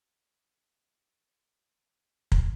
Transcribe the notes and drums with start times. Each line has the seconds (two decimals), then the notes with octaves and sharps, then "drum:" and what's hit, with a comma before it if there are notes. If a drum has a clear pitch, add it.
0.18 E5 F5 D6
2.32 drum: kick